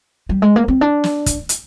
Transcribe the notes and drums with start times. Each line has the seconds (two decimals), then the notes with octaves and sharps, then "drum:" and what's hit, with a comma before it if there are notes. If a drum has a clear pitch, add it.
0.29 G3
0.42 G#3
0.56 A#3
0.68 C4
0.81 D4
1.04 drum: snare
1.26 drum: kick, hi-hat
1.49 drum: hi-hat